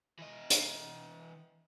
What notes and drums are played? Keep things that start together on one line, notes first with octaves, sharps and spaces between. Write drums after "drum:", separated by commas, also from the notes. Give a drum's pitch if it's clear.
E3 D#5
drum: hi-hat